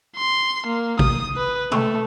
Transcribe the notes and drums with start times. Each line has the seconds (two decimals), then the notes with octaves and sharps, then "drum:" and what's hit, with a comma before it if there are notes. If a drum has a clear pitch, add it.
0.17 C6
0.66 A#3
0.99 D#6, drum: kick
1.36 B4
1.72 A3, drum: tom B2